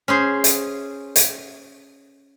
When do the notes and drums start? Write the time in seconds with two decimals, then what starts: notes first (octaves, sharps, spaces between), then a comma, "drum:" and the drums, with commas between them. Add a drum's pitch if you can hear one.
0.08 C#4 G#4 C5
0.44 drum: hi-hat
1.16 drum: hi-hat